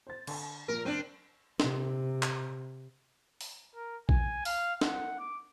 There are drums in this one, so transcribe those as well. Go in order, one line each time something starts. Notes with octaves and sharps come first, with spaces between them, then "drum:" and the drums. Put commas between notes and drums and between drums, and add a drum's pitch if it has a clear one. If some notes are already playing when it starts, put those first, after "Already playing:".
C5 A6
D3, drum: cymbal
A#2 F3 A#4
F#1 C4 D4 D#7
C3, drum: snare
drum: clap
drum: open hi-hat
A#4
G#5, drum: kick A#1
F5, drum: open hi-hat
F#5, drum: snare
D6